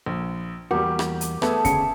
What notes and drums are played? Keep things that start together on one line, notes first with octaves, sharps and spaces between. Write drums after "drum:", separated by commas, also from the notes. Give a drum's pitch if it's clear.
A#1
E2 G3 A#3 F#4 G4
drum: rim click
drum: hi-hat
A3 B3 G#4 E5 A5, drum: rim click
D2 C#3 C#7, drum: kick, hi-hat